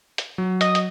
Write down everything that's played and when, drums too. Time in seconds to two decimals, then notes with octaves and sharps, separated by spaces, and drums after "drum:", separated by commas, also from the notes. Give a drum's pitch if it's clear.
0.18 drum: hi-hat
0.38 F#3
0.61 D#5, drum: hi-hat
0.75 drum: hi-hat